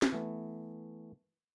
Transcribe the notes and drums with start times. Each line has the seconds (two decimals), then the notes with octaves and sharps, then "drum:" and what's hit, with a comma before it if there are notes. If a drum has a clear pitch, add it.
0.02 drum: snare
0.12 E3 A3 B3